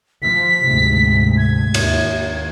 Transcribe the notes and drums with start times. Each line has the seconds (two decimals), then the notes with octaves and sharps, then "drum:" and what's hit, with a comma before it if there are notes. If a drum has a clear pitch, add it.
0.22 F3 B6
0.63 D2 G#2 C3
1.37 G#6
1.74 D#2, drum: cymbal